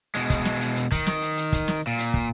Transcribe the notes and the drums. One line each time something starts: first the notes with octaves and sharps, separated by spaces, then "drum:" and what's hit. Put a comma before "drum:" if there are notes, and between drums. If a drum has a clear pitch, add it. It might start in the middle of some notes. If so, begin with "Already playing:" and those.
B2 G#3, drum: hi-hat
drum: kick, hi-hat
drum: snare
drum: hi-hat
drum: hi-hat
D#3, drum: kick, hi-hat
drum: snare
drum: hi-hat
drum: hi-hat
drum: kick, hi-hat
drum: snare
A#2
drum: hi-hat
drum: kick